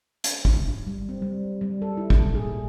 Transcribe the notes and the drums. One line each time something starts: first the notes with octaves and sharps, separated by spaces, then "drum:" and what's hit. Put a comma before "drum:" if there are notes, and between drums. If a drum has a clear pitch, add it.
drum: hi-hat
drum: kick
G3
C4
G3
G3
A4
E4
A#2, drum: kick
G#4